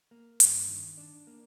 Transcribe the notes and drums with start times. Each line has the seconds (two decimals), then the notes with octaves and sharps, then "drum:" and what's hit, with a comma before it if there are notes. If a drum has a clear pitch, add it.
0.11 A#3
0.40 G2, drum: hi-hat
0.68 D#3
0.97 D4
1.27 A#3